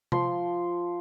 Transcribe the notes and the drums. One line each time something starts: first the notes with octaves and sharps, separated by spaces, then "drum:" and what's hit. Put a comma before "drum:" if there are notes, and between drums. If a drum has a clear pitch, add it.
F3 C6, drum: tom C3